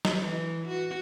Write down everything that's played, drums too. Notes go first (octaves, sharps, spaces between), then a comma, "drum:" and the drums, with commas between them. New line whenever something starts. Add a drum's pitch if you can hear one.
drum: snare
E3
F#4